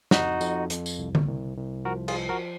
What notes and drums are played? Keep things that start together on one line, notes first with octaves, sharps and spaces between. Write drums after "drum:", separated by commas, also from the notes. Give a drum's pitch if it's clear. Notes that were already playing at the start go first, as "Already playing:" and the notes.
F2 D#4 F#4, drum: snare
F2, drum: tambourine
F2, drum: hi-hat
drum: tambourine
C2
drum: tom D3
C2
C2
F3 F#4 A#4
F4 G#4, drum: cymbal
F3
F#4 A#4